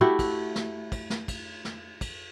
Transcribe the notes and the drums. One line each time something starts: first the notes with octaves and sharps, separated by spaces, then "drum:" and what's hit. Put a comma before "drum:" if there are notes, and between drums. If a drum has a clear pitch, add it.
A3 E4 F#4 G4
drum: kick, cymbal
drum: snare
drum: kick, cymbal
drum: snare
drum: kick, cymbal
drum: snare
drum: kick, cymbal